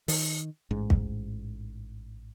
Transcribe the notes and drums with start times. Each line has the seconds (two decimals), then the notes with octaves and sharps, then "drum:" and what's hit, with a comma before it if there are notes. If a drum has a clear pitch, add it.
0.08 D#3, drum: open hi-hat
0.71 A1 G#2
0.90 drum: kick